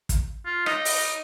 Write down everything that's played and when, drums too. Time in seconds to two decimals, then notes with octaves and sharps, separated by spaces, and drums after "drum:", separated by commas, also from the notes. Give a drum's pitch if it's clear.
0.09 drum: kick, hi-hat
0.45 F4
0.66 D#4 D#5, drum: rim click
0.85 drum: open hi-hat